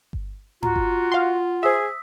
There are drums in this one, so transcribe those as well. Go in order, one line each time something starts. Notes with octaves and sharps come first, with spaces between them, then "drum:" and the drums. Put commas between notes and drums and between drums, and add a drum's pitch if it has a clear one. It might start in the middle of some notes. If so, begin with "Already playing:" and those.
drum: kick G1
F4 F#4 A#5, drum: tom G#2
drum: kick G1
F5 F#5 C6
G#4 C5 E5 D#6 E6 B6